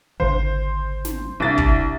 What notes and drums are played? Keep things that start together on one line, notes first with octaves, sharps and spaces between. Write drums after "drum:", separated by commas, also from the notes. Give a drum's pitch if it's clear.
G#1 C#2 D3 C5
drum: snare
C2 D4 A6
drum: kick